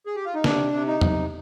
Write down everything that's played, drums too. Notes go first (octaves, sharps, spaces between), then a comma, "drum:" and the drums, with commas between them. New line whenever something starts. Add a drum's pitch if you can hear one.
G#4
G4
F4
D#4
C3 D4, drum: snare
C3
D#4
C3, drum: tom E2